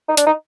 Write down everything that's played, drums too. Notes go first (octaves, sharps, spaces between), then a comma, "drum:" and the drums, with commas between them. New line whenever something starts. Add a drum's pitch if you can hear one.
D#4
D4, drum: hi-hat
D#4